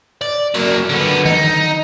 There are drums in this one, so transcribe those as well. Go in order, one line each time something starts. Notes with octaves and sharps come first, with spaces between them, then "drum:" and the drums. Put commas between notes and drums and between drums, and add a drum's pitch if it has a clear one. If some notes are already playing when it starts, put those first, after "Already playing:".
D5
F#3 A#3, drum: open hi-hat
D3 B3
D#4, drum: tom D3